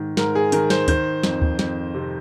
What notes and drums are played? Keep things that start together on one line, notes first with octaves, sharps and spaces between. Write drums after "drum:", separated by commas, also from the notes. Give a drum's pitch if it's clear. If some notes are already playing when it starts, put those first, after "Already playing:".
Already playing: G#2 D#3
G#2 A#4, drum: snare
G#4
D#3 A#4, drum: hi-hat
C5, drum: snare
D#3 C5, drum: kick D2, hi-hat
F2, drum: snare
drum: kick D2
F2, drum: snare
C3